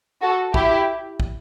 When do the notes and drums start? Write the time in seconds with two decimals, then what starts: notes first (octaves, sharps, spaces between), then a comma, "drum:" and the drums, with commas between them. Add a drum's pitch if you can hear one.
0.22 F#4 A4
0.54 E4 G4, drum: kick
1.20 drum: kick